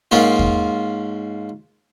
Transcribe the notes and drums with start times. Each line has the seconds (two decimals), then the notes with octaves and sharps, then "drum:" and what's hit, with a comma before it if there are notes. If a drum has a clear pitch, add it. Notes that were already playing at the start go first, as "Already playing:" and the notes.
0.11 G#2 A#3 C#4 F4
0.39 drum: kick E2